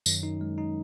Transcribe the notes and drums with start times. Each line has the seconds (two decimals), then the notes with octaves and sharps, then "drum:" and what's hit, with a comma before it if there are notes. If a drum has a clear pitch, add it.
0.06 F#2 D#3, drum: tambourine
0.23 D#4
0.41 G#3
0.58 D#4